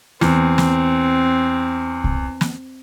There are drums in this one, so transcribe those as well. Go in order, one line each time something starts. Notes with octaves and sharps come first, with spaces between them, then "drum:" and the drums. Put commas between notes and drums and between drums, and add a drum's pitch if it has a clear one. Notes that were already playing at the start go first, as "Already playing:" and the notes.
E2 C4, drum: snare
drum: snare
drum: kick C2
drum: snare